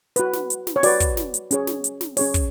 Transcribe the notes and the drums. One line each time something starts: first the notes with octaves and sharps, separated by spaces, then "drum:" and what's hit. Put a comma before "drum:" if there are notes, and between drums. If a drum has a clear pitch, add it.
F#4 B4, drum: hi-hat
drum: snare
drum: hi-hat
drum: snare
C#5
F#4 B4 D5, drum: open hi-hat
drum: kick, hi-hat
drum: snare
drum: hi-hat
C#4 G#4 C#5, drum: hi-hat
drum: snare
drum: hi-hat
drum: snare
C#4 G#4 C#5, drum: open hi-hat
drum: kick, hi-hat